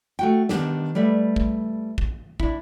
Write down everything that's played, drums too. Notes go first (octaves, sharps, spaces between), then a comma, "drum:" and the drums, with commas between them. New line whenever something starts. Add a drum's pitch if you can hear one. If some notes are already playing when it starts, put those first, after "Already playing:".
A3 F#4 G5
D#3 B3 D4 G4, drum: snare
G3 A3 B4 D5 E5
drum: kick
drum: kick
D4 E4, drum: kick